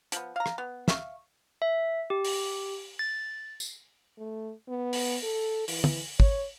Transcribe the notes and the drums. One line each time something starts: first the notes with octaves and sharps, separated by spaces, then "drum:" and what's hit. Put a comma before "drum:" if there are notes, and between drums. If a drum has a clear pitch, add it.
F3 B3, drum: hi-hat
F5 A#5
drum: rim click
B3
E5 F5 C#6, drum: snare
E5
G4
drum: open hi-hat
A6
drum: tambourine
A3
B3
drum: open hi-hat
A4
E3, drum: open hi-hat
drum: tom
C#5, drum: kick